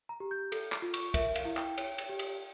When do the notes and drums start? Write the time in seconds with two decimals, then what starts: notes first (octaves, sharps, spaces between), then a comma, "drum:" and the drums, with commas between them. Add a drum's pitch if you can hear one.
0.09 A#5
0.20 G4
0.31 G6
0.52 A4, drum: cymbal
0.72 D6, drum: clap
0.82 F4
0.94 C#6, drum: cymbal
1.14 A#4 E5, drum: kick, cymbal
1.35 F5, drum: cymbal
1.45 E4
1.57 G5, drum: clap
1.78 C#5, drum: cymbal
1.98 drum: cymbal
2.09 G4
2.19 drum: cymbal